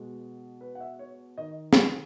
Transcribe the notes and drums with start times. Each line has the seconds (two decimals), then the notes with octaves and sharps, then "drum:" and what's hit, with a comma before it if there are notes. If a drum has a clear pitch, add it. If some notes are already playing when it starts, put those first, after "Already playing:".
Already playing: B2 G#3
0.61 B4
0.75 F#5
0.80 E5
0.99 C#5
1.38 D#3 D#5
1.73 drum: snare